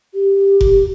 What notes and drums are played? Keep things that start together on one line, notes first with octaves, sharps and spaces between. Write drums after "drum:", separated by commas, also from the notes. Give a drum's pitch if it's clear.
G4
drum: kick F1